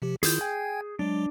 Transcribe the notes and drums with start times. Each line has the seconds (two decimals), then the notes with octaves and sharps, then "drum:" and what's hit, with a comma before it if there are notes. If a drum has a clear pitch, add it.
0.02 C3 F3 G4
0.23 D#3 E4 F4 G#4 G6, drum: hi-hat
0.41 G5 G#5 G#6
0.99 F#3 G#3 D4